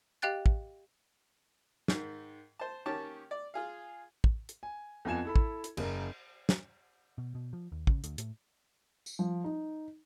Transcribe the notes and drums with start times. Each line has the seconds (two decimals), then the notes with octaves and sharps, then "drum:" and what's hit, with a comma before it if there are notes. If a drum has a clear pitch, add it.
0.22 G4 D#5 F5 G5 F#6 A6
0.46 drum: kick
1.88 G#2 D#3, drum: snare
2.60 C5 A5
2.86 D#3 A#3 C#4 G4 C#5 A5
3.31 D5
3.54 F4 G#4 F5
4.24 drum: kick
4.49 drum: hi-hat
4.63 G#5
5.05 F2 B3 F4 G#5 G#6 E7
5.25 E4 A4 B5
5.36 drum: kick
5.64 drum: hi-hat
5.77 F#1 A#4, drum: cymbal
6.49 drum: snare
7.18 B2
7.35 B2
7.53 F3
7.72 D#2
7.87 C#3, drum: kick
8.04 D2, drum: hi-hat
8.18 A2, drum: hi-hat
9.06 drum: tambourine
9.19 F3
9.44 D#4